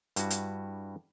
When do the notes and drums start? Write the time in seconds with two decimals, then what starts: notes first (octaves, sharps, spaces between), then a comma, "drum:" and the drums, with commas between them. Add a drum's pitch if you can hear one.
0.16 G2 G3 E4 F#4, drum: hi-hat
0.30 drum: hi-hat